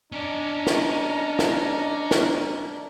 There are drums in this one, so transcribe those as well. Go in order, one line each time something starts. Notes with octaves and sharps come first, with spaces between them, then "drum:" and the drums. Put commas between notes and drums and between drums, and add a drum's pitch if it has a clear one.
C#4 D4 D5 D#5 A#5
drum: snare
drum: snare
drum: snare